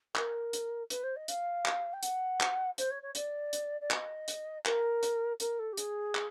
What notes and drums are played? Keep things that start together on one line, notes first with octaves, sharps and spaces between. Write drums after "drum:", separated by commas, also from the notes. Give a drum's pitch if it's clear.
A#4, drum: clap
drum: hi-hat
B4, drum: hi-hat
C5
D#5
F5, drum: hi-hat
drum: clap
G5
F#5, drum: hi-hat
drum: clap
C5, drum: hi-hat
C#5
C#5
D5, drum: hi-hat
drum: hi-hat
D5
D#5, drum: clap
drum: hi-hat
A#4, drum: clap
drum: hi-hat
A#4, drum: hi-hat
A4
G4
G#4, drum: hi-hat
drum: clap